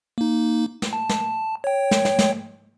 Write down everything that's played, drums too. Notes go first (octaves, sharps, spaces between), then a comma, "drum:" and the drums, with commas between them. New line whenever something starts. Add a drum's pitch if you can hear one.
A#3 D#4
drum: snare
A5
drum: snare
C#5 G5
drum: snare
drum: snare
drum: snare